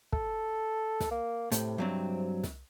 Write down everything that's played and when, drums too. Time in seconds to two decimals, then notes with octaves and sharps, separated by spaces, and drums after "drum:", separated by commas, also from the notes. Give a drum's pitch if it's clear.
0.13 A4, drum: kick
1.00 drum: snare
1.11 A#3
1.52 A2 C3, drum: hi-hat
1.78 G2 F#3 C4
2.43 drum: snare